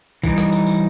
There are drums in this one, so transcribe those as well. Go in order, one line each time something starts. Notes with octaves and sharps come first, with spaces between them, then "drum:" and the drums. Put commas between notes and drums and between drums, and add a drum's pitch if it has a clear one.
E3 G3 D#4, drum: kick, tambourine
drum: rim click
drum: tambourine
drum: tambourine